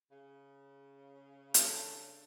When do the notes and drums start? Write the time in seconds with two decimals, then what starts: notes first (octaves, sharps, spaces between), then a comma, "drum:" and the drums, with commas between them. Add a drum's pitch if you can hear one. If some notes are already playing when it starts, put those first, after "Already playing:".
0.10 C#3
1.54 D4 A4, drum: hi-hat